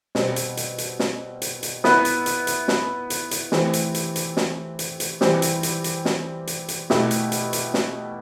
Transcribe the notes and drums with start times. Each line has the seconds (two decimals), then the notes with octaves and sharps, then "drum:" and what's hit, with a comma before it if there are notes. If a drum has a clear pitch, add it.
0.15 B2 G3 C4, drum: snare
0.36 drum: hi-hat
0.57 drum: hi-hat
0.78 drum: hi-hat
0.99 drum: snare
1.42 drum: hi-hat
1.63 drum: hi-hat
1.84 B3 E4 B4, drum: snare
2.05 drum: hi-hat
2.26 drum: hi-hat
2.47 drum: hi-hat
2.68 drum: snare
3.10 drum: hi-hat
3.31 drum: hi-hat
3.52 E3 A3 C4 G4, drum: snare
3.73 drum: hi-hat
3.95 drum: hi-hat
4.16 drum: hi-hat
4.37 drum: snare
4.79 drum: hi-hat
5.00 drum: hi-hat
5.21 E3 G3 C4 G4, drum: snare
5.42 drum: hi-hat
5.63 drum: hi-hat
5.84 drum: hi-hat
6.05 drum: snare
6.47 drum: hi-hat
6.68 drum: hi-hat
6.90 B2 A3 E4 G4, drum: snare
7.11 drum: hi-hat
7.32 drum: hi-hat
7.53 drum: hi-hat
7.74 drum: snare